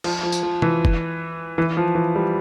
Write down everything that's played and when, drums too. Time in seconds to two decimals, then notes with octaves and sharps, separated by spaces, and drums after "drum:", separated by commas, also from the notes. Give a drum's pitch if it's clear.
0.04 F3, drum: cymbal
0.23 F3
0.32 drum: tambourine
0.43 F3
0.62 E3, drum: tom
0.85 drum: kick
1.58 E3
1.77 F3
1.95 E3
2.15 G3